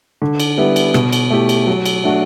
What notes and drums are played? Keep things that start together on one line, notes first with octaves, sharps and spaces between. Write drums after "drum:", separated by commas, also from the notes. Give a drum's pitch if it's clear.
D3
drum: cymbal
G3 B3 E4
drum: cymbal
B2, drum: rim click
drum: cymbal
A3 E4 G4
drum: cymbal
F#3
drum: cymbal
A3 D4 F#4